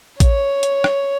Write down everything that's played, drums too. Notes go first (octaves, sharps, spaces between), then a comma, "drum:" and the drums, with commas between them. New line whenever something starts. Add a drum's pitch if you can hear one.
C#5, drum: kick A1, hi-hat
drum: hi-hat
drum: rim click